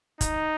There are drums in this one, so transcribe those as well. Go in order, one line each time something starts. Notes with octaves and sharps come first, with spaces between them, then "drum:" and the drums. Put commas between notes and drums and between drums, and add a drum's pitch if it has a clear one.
D#4, drum: kick, hi-hat